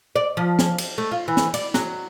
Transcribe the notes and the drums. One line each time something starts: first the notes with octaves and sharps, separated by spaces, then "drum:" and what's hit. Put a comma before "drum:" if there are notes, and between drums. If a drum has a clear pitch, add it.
D5
F3
drum: snare
drum: cymbal
A3
F4
E3
drum: snare
D5, drum: cymbal
F#3, drum: snare